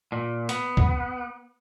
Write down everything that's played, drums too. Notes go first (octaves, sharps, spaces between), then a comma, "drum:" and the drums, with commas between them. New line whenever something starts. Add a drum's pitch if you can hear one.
A#2
B3, drum: hi-hat
drum: kick C#2